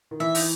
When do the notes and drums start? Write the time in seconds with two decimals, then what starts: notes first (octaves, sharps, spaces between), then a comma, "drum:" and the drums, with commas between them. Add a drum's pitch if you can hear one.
0.11 D#3
0.20 E3 E5
0.35 D#4, drum: open hi-hat